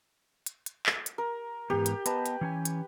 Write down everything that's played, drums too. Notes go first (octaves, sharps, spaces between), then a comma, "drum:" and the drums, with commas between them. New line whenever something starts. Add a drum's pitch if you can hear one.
drum: hi-hat
drum: hi-hat
drum: clap
drum: hi-hat
A#4
G#2 E3 B3 G4
drum: hi-hat
B3 B4 D#5 A5, drum: hi-hat
drum: hi-hat
E3 C#4 G#5
drum: hi-hat